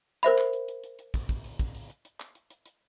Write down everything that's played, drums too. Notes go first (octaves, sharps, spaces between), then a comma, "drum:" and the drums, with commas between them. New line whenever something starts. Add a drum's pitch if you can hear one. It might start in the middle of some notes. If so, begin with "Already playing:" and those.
A#4 C5 E5 B5, drum: hi-hat
drum: clap
drum: hi-hat
drum: hi-hat
drum: hi-hat
drum: hi-hat
drum: kick, hi-hat
drum: kick, hi-hat
drum: hi-hat
drum: kick, hi-hat
drum: hi-hat
drum: hi-hat
drum: hi-hat
drum: clap
drum: hi-hat
drum: hi-hat
drum: hi-hat